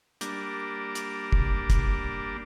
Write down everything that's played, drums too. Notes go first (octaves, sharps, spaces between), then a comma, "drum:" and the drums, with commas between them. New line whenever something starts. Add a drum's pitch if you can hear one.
G3 A#3 D4, drum: hi-hat
drum: hi-hat
drum: kick
drum: kick, hi-hat